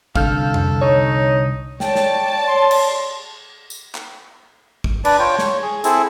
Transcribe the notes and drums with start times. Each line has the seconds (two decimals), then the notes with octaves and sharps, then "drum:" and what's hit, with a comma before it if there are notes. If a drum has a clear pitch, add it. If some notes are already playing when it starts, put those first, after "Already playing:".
0.15 C2 D3 D4 A4 F5 F6 G6, drum: kick
0.54 drum: tom F2
0.81 D#4 C#5
1.80 C#5 D5 G5 A5, drum: snare
1.95 drum: snare
2.47 C6
2.71 drum: cymbal
3.70 drum: tambourine
3.95 drum: clap
4.84 drum: kick
5.05 D4 B4 D5, drum: cymbal
5.19 F4 C#5 G5
5.39 C#5, drum: snare
5.62 G#4
5.84 C4 E4 G#4 A4, drum: hi-hat